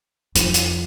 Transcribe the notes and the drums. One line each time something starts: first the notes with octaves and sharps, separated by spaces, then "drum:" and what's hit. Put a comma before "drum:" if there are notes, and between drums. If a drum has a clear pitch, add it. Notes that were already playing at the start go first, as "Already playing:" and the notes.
F2, drum: hi-hat
drum: hi-hat